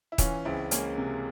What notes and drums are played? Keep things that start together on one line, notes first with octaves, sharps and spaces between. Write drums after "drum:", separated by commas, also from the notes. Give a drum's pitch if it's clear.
E4
E3 C#4 F4, drum: kick D#1, hi-hat
C#2 C4 E4
G#3 A#3 C#4, drum: hi-hat
C3